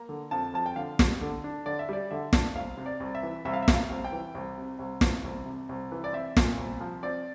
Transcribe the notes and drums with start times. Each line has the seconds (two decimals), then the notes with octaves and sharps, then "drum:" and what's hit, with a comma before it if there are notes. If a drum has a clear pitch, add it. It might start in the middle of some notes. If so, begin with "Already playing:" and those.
Already playing: A#3 A#5
0.09 D3
0.31 F2 A5
0.54 F3 A5
0.66 G5
0.76 D3 F5
0.99 G3, drum: snare
1.21 D3
1.44 D4
1.66 D3 D5
1.79 E5
1.89 G3 D5
2.11 D3 E5
2.33 D4, drum: snare
2.55 C2 F5
2.77 C3
2.86 D5
3.00 C2
3.15 E5
3.23 E3
3.45 C2 E5
3.53 F5
3.62 E5
3.68 C3, drum: snare
3.74 F5
3.90 C2
4.04 G5
4.12 E3
4.35 C2
4.58 C3
4.79 C2
5.01 E3, drum: snare
5.24 C2
5.46 C3
5.69 C2
5.92 E3
6.04 D5
6.13 C4 E5
6.37 A#2, drum: snare
6.58 C2
6.80 F3
7.03 C4 D5